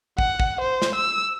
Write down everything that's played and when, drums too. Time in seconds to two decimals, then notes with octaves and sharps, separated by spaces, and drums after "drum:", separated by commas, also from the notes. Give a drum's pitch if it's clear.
0.18 F#5, drum: kick
0.40 drum: kick
0.61 C5
0.82 drum: snare
0.95 E6